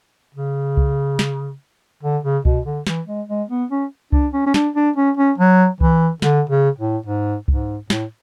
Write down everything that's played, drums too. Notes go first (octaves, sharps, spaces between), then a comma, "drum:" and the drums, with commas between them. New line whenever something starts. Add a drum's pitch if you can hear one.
C#3
drum: kick C2
drum: snare
D3
C#3
B2, drum: kick C2
D3
E3, drum: snare
G#3
G#3
B3
C#4
D4, drum: kick C2
C#4
C#4
D4, drum: snare
D4
C#4
C#4
F#3
E3, drum: kick C2
D3, drum: snare
C#3
A2
G#2
G#2, drum: kick C2
A2, drum: snare